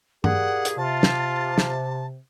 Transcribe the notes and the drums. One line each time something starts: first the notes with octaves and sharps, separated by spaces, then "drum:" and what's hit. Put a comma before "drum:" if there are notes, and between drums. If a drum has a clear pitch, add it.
A#2 G4 G#4 F#5, drum: tom G2
drum: hi-hat
C3 F4 A5
drum: snare
drum: snare